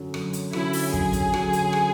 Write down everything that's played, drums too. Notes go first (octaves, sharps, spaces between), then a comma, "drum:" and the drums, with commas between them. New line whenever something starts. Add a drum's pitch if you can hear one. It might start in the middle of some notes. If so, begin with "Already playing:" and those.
Already playing: F#2 D3 F#3 C#4
F#2, drum: rim click
drum: hi-hat
D3 F#3 C#4 E4, drum: rim click
drum: open hi-hat
F#2 G#4, drum: kick
drum: kick, hi-hat
D3 F#3 C#4, drum: rim click
drum: hi-hat
drum: rim click